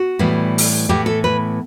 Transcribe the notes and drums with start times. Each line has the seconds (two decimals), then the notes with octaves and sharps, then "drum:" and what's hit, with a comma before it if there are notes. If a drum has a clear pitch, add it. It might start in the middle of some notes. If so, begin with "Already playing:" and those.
Already playing: F#4
0.19 A2 E3 G3 B3
0.58 drum: open hi-hat
0.89 A2 E3 B3 G4
1.06 A4
1.24 B4